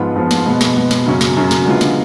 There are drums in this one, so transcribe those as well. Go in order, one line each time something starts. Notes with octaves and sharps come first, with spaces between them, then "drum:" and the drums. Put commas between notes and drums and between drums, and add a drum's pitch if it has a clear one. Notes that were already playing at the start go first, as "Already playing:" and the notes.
Already playing: G#2 F3 B3 F4
G#2 F3 B3 F4
drum: snare
B2 G#3 B3
drum: snare
B2 G#3 B3
drum: snare
F#2 C#3 F#3 C#4
drum: snare
F#2 C#3 F#3 C#4
drum: snare
D3 G#3 B3 F4
drum: snare